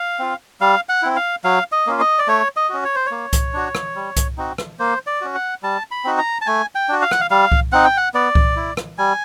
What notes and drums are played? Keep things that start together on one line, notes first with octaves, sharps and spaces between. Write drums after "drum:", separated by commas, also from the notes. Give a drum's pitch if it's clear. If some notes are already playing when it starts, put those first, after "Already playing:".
Already playing: F5
C4 F4
G3 F5
F#5
C4 E4
F5
F#3 F5
D#5
A#3 C#4 F4
D#5
D5
A3 C#5
D#5
C#4 F#4
C#5
C5
C#5
A#3
drum: kick C2, hi-hat
D4 F#4
drum: rim click
G3
drum: kick C2, hi-hat
C4 D#4 F#4
drum: rim click
A#3 C5
D5
C#4 F#4
F#5
G3 A5
B5
C4 D#4 F#4
A#5
A5
A3 G#5
G5
D4 F#4
F5
F#5, drum: rim click
F5
G3 F5
drum: kick C2
C4 D#4 F#5
G5
F#5
B3 D5
drum: kick C2
E4
drum: rim click
G3 G#5